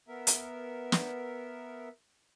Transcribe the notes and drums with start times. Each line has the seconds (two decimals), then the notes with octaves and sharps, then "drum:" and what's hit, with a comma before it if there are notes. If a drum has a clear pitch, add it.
0.08 B3 A#4 E5
0.27 drum: hi-hat
0.92 drum: snare